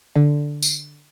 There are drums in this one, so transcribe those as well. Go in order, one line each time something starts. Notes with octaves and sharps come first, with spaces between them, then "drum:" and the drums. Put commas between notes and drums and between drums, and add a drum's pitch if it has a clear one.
D3
drum: tambourine